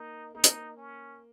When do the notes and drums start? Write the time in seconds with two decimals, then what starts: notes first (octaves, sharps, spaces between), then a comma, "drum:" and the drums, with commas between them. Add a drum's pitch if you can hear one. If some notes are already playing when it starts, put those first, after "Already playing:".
Already playing: A#3 D#4
0.35 A#3 D#4
0.44 drum: hi-hat
0.77 C#4